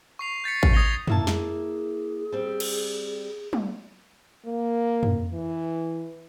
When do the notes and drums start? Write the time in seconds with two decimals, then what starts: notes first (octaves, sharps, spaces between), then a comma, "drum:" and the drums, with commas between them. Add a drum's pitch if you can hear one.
0.19 C#6 C7 F7
0.44 G6 A6 B6 C#7
0.63 drum: kick A1
0.73 D#6 G#6 A#6 F7 G7
1.08 A#3 E4 A5, drum: tom
1.27 G#4, drum: snare
2.32 G3 C4
2.60 drum: cymbal
3.53 drum: tom
4.45 A#3
5.03 drum: tom
5.32 E3